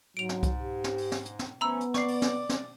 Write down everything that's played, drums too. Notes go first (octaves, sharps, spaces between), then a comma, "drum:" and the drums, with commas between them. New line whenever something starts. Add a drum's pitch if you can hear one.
G#2 F#3 D7 F7
drum: snare
drum: kick C2, hi-hat
G4
drum: snare
drum: open hi-hat
drum: snare
drum: hi-hat
drum: snare
F3 A3 B3 C#4 A#5 B5 E6
drum: hi-hat
D5 C#6 C7, drum: snare
drum: open hi-hat
drum: snare
drum: snare